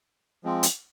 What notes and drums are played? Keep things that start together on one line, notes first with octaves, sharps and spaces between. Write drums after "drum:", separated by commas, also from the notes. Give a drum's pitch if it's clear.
F3 G#3 C4
drum: hi-hat